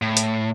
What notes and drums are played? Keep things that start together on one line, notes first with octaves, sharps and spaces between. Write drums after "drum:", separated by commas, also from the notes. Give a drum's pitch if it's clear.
A2
drum: hi-hat